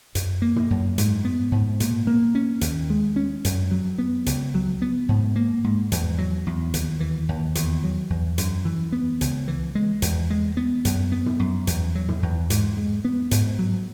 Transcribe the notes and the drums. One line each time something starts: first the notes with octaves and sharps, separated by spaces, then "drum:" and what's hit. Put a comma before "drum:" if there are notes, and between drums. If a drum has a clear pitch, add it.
F#2, drum: hi-hat
A#3
drum: tom
F#2
G#2, drum: hi-hat
B3
G#2
A#2, drum: hi-hat
A#3
C#4
D#2, drum: hi-hat
G#3
C#4
F#2, drum: hi-hat
F#3
B3
C#2, drum: hi-hat
F#3
B3
G#2
A#3
G#2
E2, drum: hi-hat
F#3
E2
D#2, drum: hi-hat
E3
D#2
E2, drum: hi-hat
F#3
E2
F#2, drum: hi-hat
E3
B3
C#2, drum: hi-hat
E3
G#3
E2, drum: hi-hat
G#3
B3
F#2, drum: hi-hat
B3
drum: tom
F#2
E2, drum: hi-hat
F#3
drum: tom
E2
G#2, drum: hi-hat
G#3
B3
G#2, drum: hi-hat
F#3